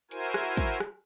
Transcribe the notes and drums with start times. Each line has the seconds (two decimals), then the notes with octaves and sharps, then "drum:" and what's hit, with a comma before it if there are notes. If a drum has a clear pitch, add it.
0.11 E4 F#4 A#4 C5 G#5, drum: hi-hat
0.34 drum: rim click
0.57 drum: kick, hi-hat
0.80 drum: rim click